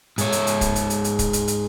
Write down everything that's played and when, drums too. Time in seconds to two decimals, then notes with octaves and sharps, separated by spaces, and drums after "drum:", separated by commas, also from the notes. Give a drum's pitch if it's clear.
0.18 G#2 C#5, drum: hi-hat
0.32 drum: hi-hat
0.47 drum: hi-hat
0.61 drum: kick, hi-hat
0.76 drum: hi-hat
0.90 drum: hi-hat
1.04 drum: hi-hat
1.19 drum: kick, hi-hat
1.33 drum: hi-hat
1.48 drum: hi-hat